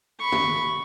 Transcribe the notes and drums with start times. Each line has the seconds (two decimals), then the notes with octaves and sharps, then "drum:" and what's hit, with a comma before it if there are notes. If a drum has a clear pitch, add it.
0.19 B5 C#6
0.32 drum: tom